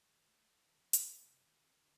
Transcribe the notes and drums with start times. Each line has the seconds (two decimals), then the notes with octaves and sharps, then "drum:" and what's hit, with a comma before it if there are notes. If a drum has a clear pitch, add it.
0.08 D#3
0.28 A3
0.50 D5
0.66 D#2
0.79 F2
0.93 G#5, drum: hi-hat
1.09 A#3
1.24 C3
1.43 D#3
1.64 C4
1.78 D3